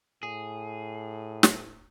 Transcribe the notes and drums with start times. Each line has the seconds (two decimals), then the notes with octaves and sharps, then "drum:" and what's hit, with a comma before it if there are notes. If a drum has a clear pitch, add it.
0.23 A2 G#4
1.43 drum: snare